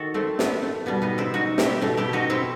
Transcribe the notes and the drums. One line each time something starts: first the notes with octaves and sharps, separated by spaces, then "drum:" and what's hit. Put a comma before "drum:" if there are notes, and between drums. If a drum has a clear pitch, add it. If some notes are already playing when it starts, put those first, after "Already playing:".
Already playing: D#3 F#4 A4
A3 C4
B3, drum: snare
A3
B2 G3 B3
B3 D#4
C4 E4
D#4 F#4
E4 G4, drum: snare
B2 A3
E4 G4
D#4 F#4
C4 E4